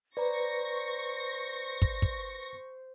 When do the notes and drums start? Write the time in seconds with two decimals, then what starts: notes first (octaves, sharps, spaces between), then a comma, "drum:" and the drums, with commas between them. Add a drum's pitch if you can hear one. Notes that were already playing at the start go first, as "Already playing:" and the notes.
0.17 B4 C5 D5 A#5 C#6 A#6
1.82 drum: kick
2.02 drum: kick